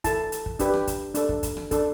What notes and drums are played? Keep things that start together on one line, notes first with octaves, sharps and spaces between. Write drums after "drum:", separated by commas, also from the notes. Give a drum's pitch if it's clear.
E4 A4 A5, drum: kick, hi-hat
drum: hi-hat
drum: kick
D4 G4 B4, drum: kick, hi-hat
drum: rim click
drum: kick, hi-hat
D4 A4, drum: hi-hat
drum: kick
drum: kick, hi-hat
drum: rim click
D4 A4, drum: kick, hi-hat